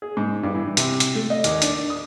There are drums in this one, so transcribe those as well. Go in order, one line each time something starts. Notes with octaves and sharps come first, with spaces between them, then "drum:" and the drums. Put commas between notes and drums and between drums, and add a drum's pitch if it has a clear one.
G#4
G#2
G2
E3
C3, drum: hi-hat
drum: hi-hat
A3
D#5
D#2, drum: hi-hat
D4, drum: hi-hat
D#6